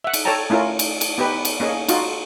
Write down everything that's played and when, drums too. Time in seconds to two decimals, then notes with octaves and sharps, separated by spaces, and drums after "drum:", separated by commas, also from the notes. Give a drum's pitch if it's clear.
0.04 E5 F#5
0.14 drum: cymbal
0.25 A4 C#5 D5 G5 A5 A#5
0.50 A3 C#4 E4 F4 A#4
0.79 drum: cymbal
1.01 drum: cymbal
1.18 B3 D#4 G4 B4
1.45 drum: cymbal
1.60 A#3 C#4 G#4 D#5
1.89 D#4 F4 F#4, drum: cymbal